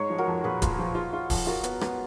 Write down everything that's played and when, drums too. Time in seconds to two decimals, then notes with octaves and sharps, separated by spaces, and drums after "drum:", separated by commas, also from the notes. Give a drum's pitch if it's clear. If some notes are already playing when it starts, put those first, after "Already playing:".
Already playing: G#2 G#3 D#4 G#4 C#5
0.10 F3
0.18 F#4 A#4
0.28 F2
0.44 A#2 G#4 B4
0.62 A#2, drum: kick D1, hi-hat
0.79 F3
0.95 F4
1.13 F4
1.30 F2, drum: kick D1, open hi-hat
1.47 F4 F#4 A#4
1.63 B3, drum: hi-hat
1.81 B3, drum: rim click